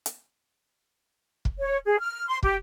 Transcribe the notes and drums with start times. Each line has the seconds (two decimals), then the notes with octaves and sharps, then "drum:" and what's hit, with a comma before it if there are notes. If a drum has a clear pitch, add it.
0.06 drum: hi-hat
1.45 drum: kick
1.59 C#5
1.85 G#4
1.99 F6
2.28 C6
2.43 G4, drum: kick